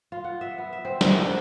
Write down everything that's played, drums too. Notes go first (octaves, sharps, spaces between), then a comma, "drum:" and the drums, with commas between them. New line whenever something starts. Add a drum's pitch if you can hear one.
F4
F#5
E5
B3
E5
C4
F#3, drum: snare
D#3
D4